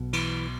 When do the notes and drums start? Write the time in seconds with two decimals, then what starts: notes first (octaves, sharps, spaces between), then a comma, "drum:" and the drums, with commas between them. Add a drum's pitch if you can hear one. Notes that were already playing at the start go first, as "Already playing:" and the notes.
Already playing: B1 B2
0.13 E3, drum: cymbal